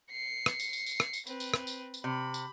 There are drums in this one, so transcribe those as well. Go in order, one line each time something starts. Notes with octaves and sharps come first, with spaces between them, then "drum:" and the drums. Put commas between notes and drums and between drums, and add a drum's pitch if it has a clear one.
C7 C#7
drum: rim click
drum: tambourine
drum: tambourine
drum: tambourine
drum: rim click
drum: tambourine
C4 B4, drum: tambourine
drum: tambourine
drum: rim click
drum: tambourine
drum: tambourine
C3 B5
drum: tambourine